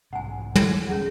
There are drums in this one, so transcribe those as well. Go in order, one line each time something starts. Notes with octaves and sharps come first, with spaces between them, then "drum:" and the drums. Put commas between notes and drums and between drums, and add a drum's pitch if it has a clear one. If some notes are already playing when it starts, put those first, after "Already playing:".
B1 G#2 C3 F#5 G#5
drum: tom
E2 B2 C#4 G#4 F#5